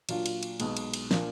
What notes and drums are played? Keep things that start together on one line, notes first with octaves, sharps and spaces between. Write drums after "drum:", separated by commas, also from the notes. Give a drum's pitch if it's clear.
A#2 F#3 D4 F4, drum: cymbal
drum: cymbal
drum: cymbal
B1 B2 G#3, drum: cymbal
drum: cymbal
drum: cymbal
A#2 F3 A#3 D4 F4, drum: snare